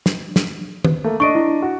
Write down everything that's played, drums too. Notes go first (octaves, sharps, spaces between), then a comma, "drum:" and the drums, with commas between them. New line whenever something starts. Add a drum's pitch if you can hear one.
drum: snare
drum: snare
drum: tom
A3 A#3
D4 D#5 C#6 D7
E4
F#4